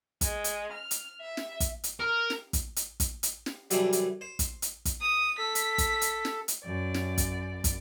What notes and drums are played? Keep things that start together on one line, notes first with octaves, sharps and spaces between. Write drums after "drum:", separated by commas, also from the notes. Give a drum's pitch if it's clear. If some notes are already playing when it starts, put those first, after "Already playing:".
G#3, drum: kick, hi-hat
drum: hi-hat
F6
drum: hi-hat
E5
drum: snare
drum: kick, hi-hat
drum: hi-hat
A#4
drum: snare
drum: kick, hi-hat
drum: hi-hat
drum: kick, hi-hat
drum: hi-hat
drum: snare
F#2 C3 E3 G3 A3 D4, drum: hi-hat
drum: hi-hat
C5
drum: kick, hi-hat
drum: hi-hat
drum: kick, hi-hat
D#6
A4 B6
drum: hi-hat
drum: kick, hi-hat
drum: hi-hat
drum: snare
drum: hi-hat
F#2 D5
drum: snare
drum: kick, hi-hat
drum: kick, hi-hat